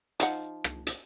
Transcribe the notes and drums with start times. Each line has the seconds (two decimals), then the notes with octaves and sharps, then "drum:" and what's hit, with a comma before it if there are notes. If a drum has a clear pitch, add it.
0.20 F3 D#4 F#5, drum: hi-hat
0.64 drum: rim click
0.87 drum: hi-hat